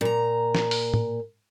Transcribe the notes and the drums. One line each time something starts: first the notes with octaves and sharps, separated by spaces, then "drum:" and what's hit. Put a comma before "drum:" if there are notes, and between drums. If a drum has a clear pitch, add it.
A#2 A#5
drum: snare
drum: open hi-hat
drum: tom